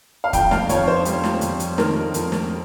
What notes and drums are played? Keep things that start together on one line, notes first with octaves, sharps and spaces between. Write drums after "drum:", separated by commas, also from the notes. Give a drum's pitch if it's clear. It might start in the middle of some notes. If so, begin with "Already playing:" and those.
F5
F2 G5, drum: kick, hi-hat
F5, drum: snare
F2 C#5, drum: hi-hat
C5
G3, drum: hi-hat
drum: snare
F2, drum: hi-hat
drum: hi-hat
D#3 A#4, drum: snare
F2, drum: hi-hat
drum: snare